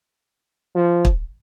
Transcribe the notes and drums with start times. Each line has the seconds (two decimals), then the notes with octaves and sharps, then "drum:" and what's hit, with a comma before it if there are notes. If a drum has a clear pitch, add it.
0.75 F3
1.05 drum: kick